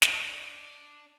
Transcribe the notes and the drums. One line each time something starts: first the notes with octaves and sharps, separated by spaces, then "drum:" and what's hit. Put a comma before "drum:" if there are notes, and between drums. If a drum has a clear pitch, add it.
D4, drum: snare